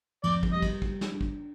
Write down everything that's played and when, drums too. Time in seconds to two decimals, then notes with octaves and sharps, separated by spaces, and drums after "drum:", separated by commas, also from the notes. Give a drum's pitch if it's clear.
0.23 F2 D5, drum: cymbal
0.43 drum: kick
0.53 G3 D#5
0.62 drum: kick, cymbal
0.82 G3, drum: kick
1.01 drum: snare
1.11 D4
1.21 drum: kick